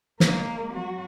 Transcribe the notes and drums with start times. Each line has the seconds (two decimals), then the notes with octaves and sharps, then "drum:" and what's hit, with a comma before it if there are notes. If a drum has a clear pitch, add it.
0.20 G#3 A#3, drum: snare
0.72 F#3 F#4